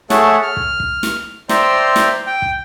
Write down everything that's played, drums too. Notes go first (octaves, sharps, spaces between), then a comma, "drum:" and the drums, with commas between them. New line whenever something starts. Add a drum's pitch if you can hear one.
A3 G#4 C#5 E5 F#5 A5, drum: snare
F6
drum: kick
drum: kick
drum: snare
C5 D5 E5 G5 A#5 C6, drum: snare
drum: snare
G5
drum: kick